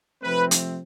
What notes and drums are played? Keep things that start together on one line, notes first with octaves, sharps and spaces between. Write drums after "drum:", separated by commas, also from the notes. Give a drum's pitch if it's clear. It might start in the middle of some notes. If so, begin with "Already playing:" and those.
C3 F3 A3 C4 B4
drum: hi-hat